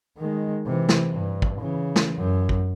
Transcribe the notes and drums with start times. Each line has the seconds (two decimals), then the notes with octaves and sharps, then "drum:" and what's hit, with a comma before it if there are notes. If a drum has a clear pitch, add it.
0.18 D#3 G#3
0.66 C3 E3
0.89 drum: snare
1.11 G2
1.42 drum: kick
1.60 C#3 E3
1.96 drum: snare
2.14 F#2
2.49 drum: kick